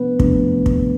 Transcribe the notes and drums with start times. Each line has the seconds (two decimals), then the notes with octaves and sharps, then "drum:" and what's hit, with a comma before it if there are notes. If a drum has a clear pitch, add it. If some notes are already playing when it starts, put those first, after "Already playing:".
Already playing: C3 F3 A3 B3 D4 B4
0.19 C3 F3 A3 D4, drum: kick
0.66 drum: kick